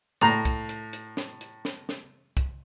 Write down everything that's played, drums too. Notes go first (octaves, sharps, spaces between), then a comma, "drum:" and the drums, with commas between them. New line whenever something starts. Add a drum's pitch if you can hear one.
A2 A#5, drum: hi-hat
drum: kick C2, hi-hat
drum: hi-hat
drum: hi-hat
drum: snare
drum: hi-hat
drum: snare
drum: snare
drum: kick C2, hi-hat